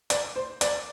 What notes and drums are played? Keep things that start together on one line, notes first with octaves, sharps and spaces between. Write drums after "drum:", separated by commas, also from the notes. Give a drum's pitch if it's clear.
D5, drum: hi-hat
C5
D5, drum: hi-hat